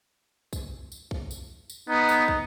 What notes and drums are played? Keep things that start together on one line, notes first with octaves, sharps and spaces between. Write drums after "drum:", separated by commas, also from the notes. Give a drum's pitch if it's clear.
drum: kick, tambourine
drum: tambourine
drum: kick
drum: tambourine
drum: tambourine
B3 D#4
drum: tambourine
drum: kick